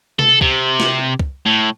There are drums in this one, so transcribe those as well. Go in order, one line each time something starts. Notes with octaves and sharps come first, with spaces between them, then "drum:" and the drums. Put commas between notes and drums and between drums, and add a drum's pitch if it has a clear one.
A4, drum: tom
C3, drum: kick
drum: snare
drum: kick
A2